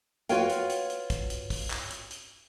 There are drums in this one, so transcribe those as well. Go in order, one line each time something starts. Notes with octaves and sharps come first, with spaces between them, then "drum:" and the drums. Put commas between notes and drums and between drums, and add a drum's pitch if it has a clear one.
F4 F#4 B4 C#5 F5 G5, drum: hi-hat
drum: hi-hat
drum: hi-hat
drum: hi-hat
drum: kick, hi-hat
drum: hi-hat
drum: kick, open hi-hat
drum: clap
drum: hi-hat
drum: hi-hat